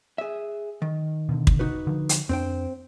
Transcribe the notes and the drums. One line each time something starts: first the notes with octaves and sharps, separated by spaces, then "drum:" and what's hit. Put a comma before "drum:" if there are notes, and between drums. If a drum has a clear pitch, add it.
G#4 E5
D#3
B2 D3
drum: kick
D#4 F#4 B4
D3 F3
drum: hi-hat
F2 C4 D4 C5 G5